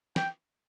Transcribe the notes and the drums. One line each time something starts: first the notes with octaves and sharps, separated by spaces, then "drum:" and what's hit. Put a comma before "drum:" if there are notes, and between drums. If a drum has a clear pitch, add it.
G5, drum: snare